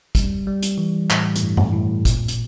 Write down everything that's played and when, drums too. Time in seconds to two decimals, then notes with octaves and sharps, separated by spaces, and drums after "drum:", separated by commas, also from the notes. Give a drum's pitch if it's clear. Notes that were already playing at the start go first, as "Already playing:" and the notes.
0.15 G3, drum: kick, hi-hat
0.47 G3
0.63 drum: hi-hat
0.78 E3
1.11 A2, drum: clap
1.36 A2, drum: hi-hat
1.42 G2
1.57 drum: tom G2
1.73 A2
2.05 A#2, drum: kick, hi-hat
2.28 drum: hi-hat